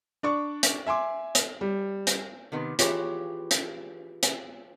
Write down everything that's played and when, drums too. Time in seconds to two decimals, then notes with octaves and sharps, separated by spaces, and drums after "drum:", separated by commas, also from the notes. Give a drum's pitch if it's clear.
0.23 D4 D5 C#6
0.63 drum: hi-hat
0.87 E5 G#5 C6 D6
1.35 drum: hi-hat
1.61 G3
2.07 drum: hi-hat
2.52 C3 D#3 B3
2.79 E3 F4 G4 G#4 C#5, drum: hi-hat
3.51 drum: hi-hat
4.23 drum: hi-hat